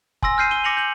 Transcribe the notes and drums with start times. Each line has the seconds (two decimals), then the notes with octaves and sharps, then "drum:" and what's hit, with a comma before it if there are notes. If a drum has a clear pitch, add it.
0.22 G#5 C6 E6 A#6, drum: kick F1
0.37 E6 F6 G6 C7 D#7
0.51 D#7 G7
0.64 D6 A#6 C#7 F7 F#7
0.77 G6 F#7